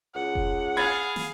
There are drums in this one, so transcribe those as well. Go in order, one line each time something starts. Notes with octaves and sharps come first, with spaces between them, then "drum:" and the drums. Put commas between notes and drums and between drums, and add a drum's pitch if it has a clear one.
C#2 F#5
drum: kick F1
G#4 F5 B5 G#6 A6
drum: snare